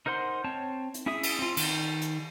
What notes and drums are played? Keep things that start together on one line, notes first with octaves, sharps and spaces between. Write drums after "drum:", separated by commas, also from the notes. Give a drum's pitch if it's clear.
D#4 A#4 C5 F#5 C6
C4 C#5 A5
drum: hi-hat
C#4 E4 G#4 E5 D#6
drum: cymbal
C4 F4
D#3, drum: cymbal
drum: hi-hat